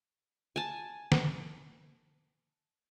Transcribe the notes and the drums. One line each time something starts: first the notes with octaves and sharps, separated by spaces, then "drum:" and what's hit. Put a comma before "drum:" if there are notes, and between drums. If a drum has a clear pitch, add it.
G#5 A5
drum: snare